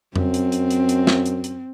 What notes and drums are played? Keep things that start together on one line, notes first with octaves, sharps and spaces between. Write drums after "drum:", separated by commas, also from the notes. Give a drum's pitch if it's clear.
F#2 C4, drum: tom F2
drum: hi-hat
drum: hi-hat
drum: hi-hat
drum: hi-hat
drum: snare
drum: hi-hat
drum: hi-hat